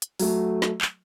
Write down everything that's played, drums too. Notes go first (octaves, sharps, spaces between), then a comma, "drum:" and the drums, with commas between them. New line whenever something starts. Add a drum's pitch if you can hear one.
drum: hi-hat
F#3 A3, drum: open hi-hat
drum: snare
drum: clap